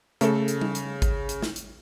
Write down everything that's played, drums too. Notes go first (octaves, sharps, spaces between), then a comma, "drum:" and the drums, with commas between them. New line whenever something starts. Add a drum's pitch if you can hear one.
C#3 A3 A4, drum: hi-hat
drum: hi-hat
drum: tom G3
drum: hi-hat
drum: kick G#1, hi-hat
drum: hi-hat
drum: snare
drum: hi-hat